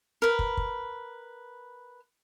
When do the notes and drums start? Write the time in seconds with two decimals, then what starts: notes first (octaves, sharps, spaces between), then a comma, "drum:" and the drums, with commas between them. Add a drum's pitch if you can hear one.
0.22 A#4 B4
0.39 drum: kick
0.57 drum: kick